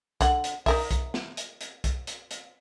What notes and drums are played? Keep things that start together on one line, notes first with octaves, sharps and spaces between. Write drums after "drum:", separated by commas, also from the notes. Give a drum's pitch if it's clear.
D3 F#5, drum: kick, hi-hat
drum: hi-hat
D#4 A#4 E5, drum: kick, open hi-hat
drum: kick, hi-hat
drum: snare
drum: hi-hat
drum: hi-hat
drum: kick, hi-hat
drum: hi-hat
drum: hi-hat